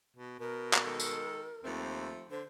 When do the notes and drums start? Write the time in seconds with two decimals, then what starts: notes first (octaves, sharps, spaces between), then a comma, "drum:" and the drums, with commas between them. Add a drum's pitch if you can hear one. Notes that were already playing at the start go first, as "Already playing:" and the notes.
0.16 B2
0.39 B2 A#4
0.74 drum: clap
0.85 D#3 G#3 A4
1.00 drum: tambourine
1.64 D#2 F3 A3 C4
2.31 D3 C5